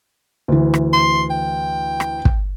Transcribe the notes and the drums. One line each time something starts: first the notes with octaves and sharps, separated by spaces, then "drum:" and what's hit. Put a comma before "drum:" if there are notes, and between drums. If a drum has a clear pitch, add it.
D2 E3
drum: rim click
C6
G5
drum: rim click
drum: kick